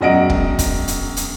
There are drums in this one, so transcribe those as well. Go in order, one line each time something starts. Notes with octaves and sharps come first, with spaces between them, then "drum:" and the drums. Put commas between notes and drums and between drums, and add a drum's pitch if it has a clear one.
E1 F#2 D#5 F#5 D7
drum: kick
drum: kick, hi-hat
drum: hi-hat
drum: hi-hat